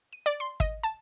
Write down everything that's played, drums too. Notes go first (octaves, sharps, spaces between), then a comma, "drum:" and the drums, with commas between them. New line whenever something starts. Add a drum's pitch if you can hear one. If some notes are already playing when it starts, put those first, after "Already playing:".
D#7
D5
C6
D#5, drum: kick
A5